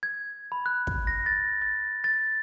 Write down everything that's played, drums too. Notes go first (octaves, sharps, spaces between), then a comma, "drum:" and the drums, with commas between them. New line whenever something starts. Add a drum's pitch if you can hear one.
G#6
B5
F#6
drum: kick
A#6
A6
A6
A6